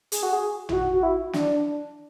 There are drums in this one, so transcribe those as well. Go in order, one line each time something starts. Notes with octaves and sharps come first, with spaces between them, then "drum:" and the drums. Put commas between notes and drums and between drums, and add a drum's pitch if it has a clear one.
G#4, drum: hi-hat
F#4
G#4
E4, drum: tom A1
F#4
F#4
E4
D4, drum: snare